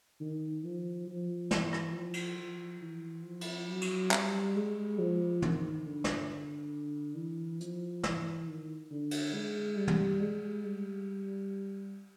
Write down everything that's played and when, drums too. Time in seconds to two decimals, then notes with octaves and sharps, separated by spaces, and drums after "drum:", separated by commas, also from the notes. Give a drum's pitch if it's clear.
0.21 D#3
0.64 F3
1.08 F3
1.51 E3, drum: snare
1.73 drum: rim click
1.94 F3
2.14 drum: cymbal
2.38 F3
2.81 E3
3.24 F3
3.41 drum: cymbal
3.69 F#3
3.81 drum: cymbal
4.11 G3, drum: clap
4.56 G#3
4.99 F3
5.42 D#3, drum: tom
5.86 D3
6.04 drum: snare
7.16 E3
7.60 F3, drum: hi-hat
8.03 E3, drum: snare
8.48 D#3
8.91 D3
9.11 drum: cymbal
9.34 G#3
9.78 G3
9.88 drum: tom
10.21 G#3
10.65 G3